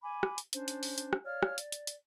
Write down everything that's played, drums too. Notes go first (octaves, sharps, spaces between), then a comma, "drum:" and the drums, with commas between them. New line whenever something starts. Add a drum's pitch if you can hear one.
G#5 B5 D6
drum: rim click
drum: hi-hat
C#4 D4 C5, drum: hi-hat
drum: hi-hat
drum: open hi-hat
drum: hi-hat
drum: rim click
C#5 D5 F5 F6
drum: rim click
D5, drum: hi-hat
drum: hi-hat
drum: hi-hat